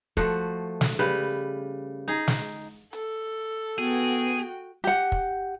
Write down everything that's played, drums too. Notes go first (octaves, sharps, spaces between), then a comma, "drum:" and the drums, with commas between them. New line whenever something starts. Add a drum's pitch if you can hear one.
F3 A3 F#4, drum: kick
drum: snare
C#3 G3 B4
D#4 G#4, drum: hi-hat
drum: snare
A4, drum: hi-hat
B3 F#4 G#4 G5
G4 F#5, drum: hi-hat
drum: kick